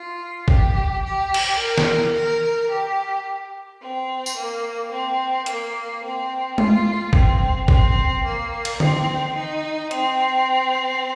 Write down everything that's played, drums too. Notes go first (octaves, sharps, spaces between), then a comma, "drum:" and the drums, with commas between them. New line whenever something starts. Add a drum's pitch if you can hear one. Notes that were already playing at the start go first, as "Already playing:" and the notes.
Already playing: F4
G4, drum: kick
G4
drum: cymbal
A#4
drum: snare
A#4
G4
C4
drum: tambourine
A#3
C4
A#3, drum: hi-hat
C4
F4, drum: tom G#3
C4, drum: kick
C4, drum: kick
A#3
drum: cymbal
C4, drum: tom D3
D#4
C4, drum: hi-hat